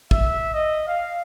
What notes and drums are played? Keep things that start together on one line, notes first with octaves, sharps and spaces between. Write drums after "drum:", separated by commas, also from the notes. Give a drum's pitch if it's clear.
E5, drum: kick
D#5
F5